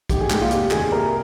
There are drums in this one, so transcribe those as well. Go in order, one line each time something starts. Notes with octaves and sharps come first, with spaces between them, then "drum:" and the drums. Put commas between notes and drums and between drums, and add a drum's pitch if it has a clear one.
G#1 G4, drum: kick A#1, hi-hat
G#4
G#2 G3 A#3 G4, drum: clap
F4
F1 G4, drum: hi-hat
D#2 D#3 A#3 G#4, drum: clap
C2 A#4